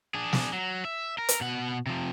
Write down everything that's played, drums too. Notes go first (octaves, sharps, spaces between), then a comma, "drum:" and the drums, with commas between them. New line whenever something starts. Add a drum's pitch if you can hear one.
D4 G#4
drum: snare
F#3
E5
A#4
drum: hi-hat
B2 F#5
C3 F3